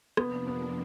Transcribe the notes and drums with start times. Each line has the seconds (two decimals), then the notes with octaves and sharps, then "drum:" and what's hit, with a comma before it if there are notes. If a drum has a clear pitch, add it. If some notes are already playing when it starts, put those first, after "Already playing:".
0.17 F2 C3 F3 A#3 B3 D4, drum: rim click
0.48 B3